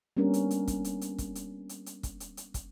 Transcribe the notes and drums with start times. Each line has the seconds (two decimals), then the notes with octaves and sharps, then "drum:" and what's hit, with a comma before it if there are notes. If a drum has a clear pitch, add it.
0.17 G3 A#3 B3 C#4 D4 A#4
0.34 drum: hi-hat
0.51 drum: hi-hat
0.68 drum: kick, hi-hat
0.84 drum: hi-hat
1.01 drum: hi-hat
1.18 drum: kick, hi-hat
1.35 drum: hi-hat
1.69 drum: hi-hat
1.86 drum: hi-hat
2.03 drum: kick, hi-hat
2.20 drum: hi-hat
2.37 drum: hi-hat
2.54 drum: kick, hi-hat